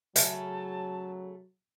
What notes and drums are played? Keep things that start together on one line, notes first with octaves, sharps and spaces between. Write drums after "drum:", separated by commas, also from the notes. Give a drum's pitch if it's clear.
C#3 F#3 A3 E5 A5, drum: hi-hat